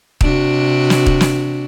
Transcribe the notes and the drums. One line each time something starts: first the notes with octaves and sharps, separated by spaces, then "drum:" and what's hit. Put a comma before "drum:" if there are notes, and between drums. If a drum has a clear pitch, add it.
C3 D4 F#4, drum: kick
drum: snare
drum: kick
drum: snare